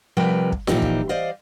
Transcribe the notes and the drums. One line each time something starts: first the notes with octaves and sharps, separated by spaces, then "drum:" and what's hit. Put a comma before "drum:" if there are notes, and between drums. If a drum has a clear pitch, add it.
C3 F3 G3 A#4 B4 G5
drum: kick
A#2 E3 F3 D#4 G4, drum: snare F4
drum: kick
C5 D5 D#5 F5